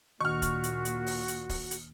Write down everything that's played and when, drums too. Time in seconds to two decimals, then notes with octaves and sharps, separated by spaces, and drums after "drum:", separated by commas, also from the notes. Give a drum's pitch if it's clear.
0.21 D2 A#2 D#3 F#4 C#6 F6
0.42 drum: kick, hi-hat
0.63 drum: hi-hat
0.85 drum: hi-hat
1.06 drum: open hi-hat
1.28 drum: hi-hat
1.49 drum: kick, open hi-hat
1.71 drum: hi-hat